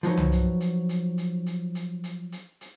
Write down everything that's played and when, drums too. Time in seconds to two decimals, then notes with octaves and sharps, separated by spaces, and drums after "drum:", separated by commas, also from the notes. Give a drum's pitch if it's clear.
0.03 F3 F#3 D#4 B4, drum: hi-hat
0.17 drum: tom C2
0.32 drum: hi-hat
0.60 drum: hi-hat
0.89 drum: hi-hat
1.18 drum: hi-hat
1.46 drum: hi-hat
1.75 drum: hi-hat
2.04 drum: hi-hat
2.32 drum: hi-hat
2.61 drum: hi-hat